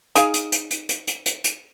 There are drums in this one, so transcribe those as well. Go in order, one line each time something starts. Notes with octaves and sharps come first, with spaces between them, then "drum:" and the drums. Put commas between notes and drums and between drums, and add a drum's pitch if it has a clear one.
D#4 G#4 F5, drum: hi-hat
drum: hi-hat
drum: hi-hat
drum: hi-hat
drum: hi-hat
drum: hi-hat
drum: hi-hat
drum: hi-hat